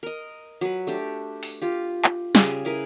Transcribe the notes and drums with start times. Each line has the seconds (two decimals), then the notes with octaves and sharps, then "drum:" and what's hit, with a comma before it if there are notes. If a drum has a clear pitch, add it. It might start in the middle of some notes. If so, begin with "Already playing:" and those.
0.03 A#4 D#5
0.61 F#3 B4
0.87 A3 D4 G4
1.43 drum: open hi-hat
1.62 F4 G4
2.04 drum: clap
2.35 C#3 G3 G#4, drum: snare
2.65 E4 G#4 A#4 B4